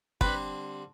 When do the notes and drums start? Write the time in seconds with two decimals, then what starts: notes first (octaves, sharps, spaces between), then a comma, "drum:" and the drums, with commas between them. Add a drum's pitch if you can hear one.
0.21 D3 G3 C4 B4, drum: kick